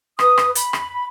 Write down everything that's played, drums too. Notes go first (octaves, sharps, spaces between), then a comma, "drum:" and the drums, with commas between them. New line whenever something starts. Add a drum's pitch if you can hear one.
B4 D#6, drum: rim click
drum: rim click
B5, drum: hi-hat
drum: rim click